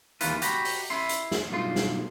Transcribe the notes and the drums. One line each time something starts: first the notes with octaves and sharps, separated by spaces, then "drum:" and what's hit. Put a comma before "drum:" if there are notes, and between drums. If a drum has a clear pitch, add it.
D#2 E3 A#3 F4 B4, drum: hi-hat
F#4 G4 A#5 B5, drum: hi-hat
drum: open hi-hat
E4 E5 C6
drum: hi-hat
drum: snare
B1 G2 F4 C6
drum: snare